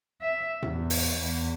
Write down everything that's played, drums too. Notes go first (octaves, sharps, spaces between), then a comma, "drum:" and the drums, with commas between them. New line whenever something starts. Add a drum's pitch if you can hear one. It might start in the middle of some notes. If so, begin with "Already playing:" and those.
E5
E2, drum: tom A2
drum: open hi-hat
E2